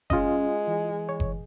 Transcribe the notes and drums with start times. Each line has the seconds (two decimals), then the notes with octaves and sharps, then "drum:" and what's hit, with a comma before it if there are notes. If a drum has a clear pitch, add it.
0.10 G#3 C#4 F4 D#5, drum: kick F#1
0.67 E3
1.09 C#5
1.20 drum: kick F#1